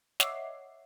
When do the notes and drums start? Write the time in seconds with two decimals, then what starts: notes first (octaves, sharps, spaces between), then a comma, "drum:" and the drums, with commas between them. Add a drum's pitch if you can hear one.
0.20 C#5 D#5 E5 F#5 D6 C7, drum: snare